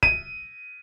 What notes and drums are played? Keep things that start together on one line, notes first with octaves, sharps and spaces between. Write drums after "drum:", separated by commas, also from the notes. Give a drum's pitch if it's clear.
D#7, drum: kick